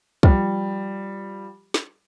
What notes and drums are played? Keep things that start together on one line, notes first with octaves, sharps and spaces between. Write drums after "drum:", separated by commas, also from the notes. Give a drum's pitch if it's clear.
F3 G3, drum: kick
drum: snare